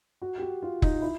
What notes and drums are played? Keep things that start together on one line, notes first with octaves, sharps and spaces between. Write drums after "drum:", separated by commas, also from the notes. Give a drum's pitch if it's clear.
F#4
G4
F#4
F4
D#4, drum: kick F1
E4